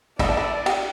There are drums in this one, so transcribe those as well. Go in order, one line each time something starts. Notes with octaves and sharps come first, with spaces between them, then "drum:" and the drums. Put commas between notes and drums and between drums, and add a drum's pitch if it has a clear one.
E4 D5, drum: kick, cymbal
D4
E4
G4, drum: cymbal